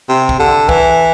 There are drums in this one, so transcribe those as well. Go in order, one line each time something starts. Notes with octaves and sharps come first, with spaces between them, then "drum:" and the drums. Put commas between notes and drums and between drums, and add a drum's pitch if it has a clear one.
C3
drum: kick
D3
E3, drum: kick